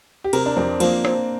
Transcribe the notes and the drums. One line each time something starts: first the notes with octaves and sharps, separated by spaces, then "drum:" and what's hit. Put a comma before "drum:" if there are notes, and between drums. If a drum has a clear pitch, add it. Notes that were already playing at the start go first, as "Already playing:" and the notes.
G4
C3 A#4, drum: cymbal
D4
F2 C4
F3 A#3, drum: cymbal
C4, drum: rim click